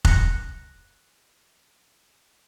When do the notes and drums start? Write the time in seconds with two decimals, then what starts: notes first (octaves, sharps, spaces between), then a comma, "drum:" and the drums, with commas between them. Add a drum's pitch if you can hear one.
0.05 F#6 A#6 C#7, drum: kick F1